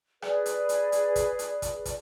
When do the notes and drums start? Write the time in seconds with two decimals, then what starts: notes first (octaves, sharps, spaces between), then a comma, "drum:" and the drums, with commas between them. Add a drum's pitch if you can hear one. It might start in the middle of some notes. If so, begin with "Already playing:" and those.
0.22 G#4 B4 D5, drum: rim click
0.46 drum: hi-hat
0.69 drum: hi-hat
0.92 drum: hi-hat
1.16 drum: kick, hi-hat
1.39 drum: hi-hat
1.62 drum: kick, hi-hat
1.85 drum: kick, hi-hat